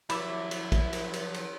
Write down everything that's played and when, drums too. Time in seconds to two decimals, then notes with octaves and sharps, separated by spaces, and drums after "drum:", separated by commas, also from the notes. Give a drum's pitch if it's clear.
0.10 F3 F#3 E4 E5 B5 D6, drum: cymbal
0.51 drum: cymbal
0.72 drum: kick, cymbal
0.93 drum: cymbal
1.14 drum: cymbal
1.34 drum: cymbal